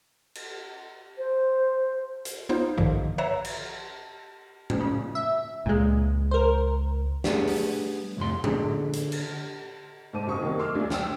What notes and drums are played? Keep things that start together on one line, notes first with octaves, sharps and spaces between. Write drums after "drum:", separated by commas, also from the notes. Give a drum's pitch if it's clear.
drum: cymbal
C5
drum: hi-hat
B3 D#4 F4 C5
A#1 G2 D3 D#3 F3
B4 C#5 E5 A#5
drum: cymbal
drum: tom A2
C#3
E5
C#2 A#2 G#3
A#4 C5
G3 A3 B3 D4 G#4, drum: snare
drum: open hi-hat
C2 F2 A2 C6
D3 G#4, drum: tom A2
drum: hi-hat
drum: cymbal
G#2 C5 A5 D6 D#7
F#1 F#3 C5 C#6 D#6
B2 D#3 F#3 G3 A#3 C4
C6 D6 E6 F6
D2 F#3 D4 F4 G#5
G5 E6, drum: snare